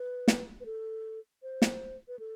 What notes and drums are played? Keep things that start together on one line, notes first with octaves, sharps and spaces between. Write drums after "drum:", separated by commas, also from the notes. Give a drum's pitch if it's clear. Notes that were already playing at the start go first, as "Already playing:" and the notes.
Already playing: B4
drum: snare
B4
A4
C5
drum: snare
B4
A4